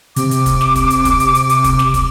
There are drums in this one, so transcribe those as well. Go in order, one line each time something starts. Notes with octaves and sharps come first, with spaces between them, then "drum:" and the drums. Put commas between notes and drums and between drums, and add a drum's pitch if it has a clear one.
C3 D6, drum: hi-hat
drum: hi-hat
drum: kick, hi-hat
drum: snare
drum: kick, hi-hat
drum: hi-hat
drum: kick, hi-hat
drum: hi-hat
drum: hi-hat
drum: hi-hat
drum: kick, hi-hat
drum: snare
drum: kick, hi-hat